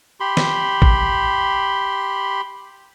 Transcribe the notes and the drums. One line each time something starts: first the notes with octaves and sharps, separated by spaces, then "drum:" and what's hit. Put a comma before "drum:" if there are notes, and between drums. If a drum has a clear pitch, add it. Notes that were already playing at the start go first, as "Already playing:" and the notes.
G4 B5 C6
drum: snare
drum: kick A1